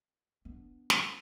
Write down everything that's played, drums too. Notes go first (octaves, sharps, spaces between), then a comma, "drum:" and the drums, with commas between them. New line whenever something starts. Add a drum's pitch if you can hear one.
B3 D4
drum: snare